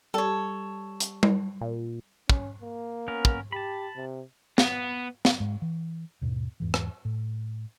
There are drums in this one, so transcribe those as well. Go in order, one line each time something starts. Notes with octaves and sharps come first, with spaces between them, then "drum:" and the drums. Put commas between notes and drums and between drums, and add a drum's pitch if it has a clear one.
G3 A4 C#5
drum: hi-hat
drum: tom G3
A#2
C#4, drum: kick
A#3
B3 C#4 A#4
drum: kick
G4 A5 B5
C3
B3, drum: snare
drum: snare
G#2 G#3
E3
D#2 G#2 B2
E2 G#2 E3
drum: rim click
A2